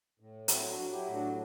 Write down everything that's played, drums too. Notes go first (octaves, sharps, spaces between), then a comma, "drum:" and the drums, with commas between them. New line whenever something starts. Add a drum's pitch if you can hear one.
A2
F#3 C4 E4, drum: hi-hat
D4 F#4
F#3
E4 G4
A2
D4 F#4